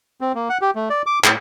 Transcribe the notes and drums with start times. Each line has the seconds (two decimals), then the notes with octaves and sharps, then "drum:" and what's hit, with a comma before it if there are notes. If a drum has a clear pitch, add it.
0.21 C4
0.35 A#3
0.49 F#5
0.61 G4
0.75 A3
0.90 D5
1.06 D6
1.24 A2, drum: clap